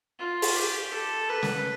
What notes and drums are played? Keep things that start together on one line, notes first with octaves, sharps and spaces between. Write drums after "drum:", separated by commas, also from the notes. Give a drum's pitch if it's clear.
F4
drum: open hi-hat
G4
A4
B4
drum: snare